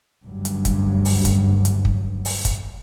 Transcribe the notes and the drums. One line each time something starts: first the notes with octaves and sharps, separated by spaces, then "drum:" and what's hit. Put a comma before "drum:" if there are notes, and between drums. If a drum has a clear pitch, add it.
F#1 D2 G2 F#3
drum: hi-hat
drum: kick, hi-hat
drum: open hi-hat
drum: kick, hi-hat
drum: hi-hat
drum: kick
drum: open hi-hat
drum: kick, hi-hat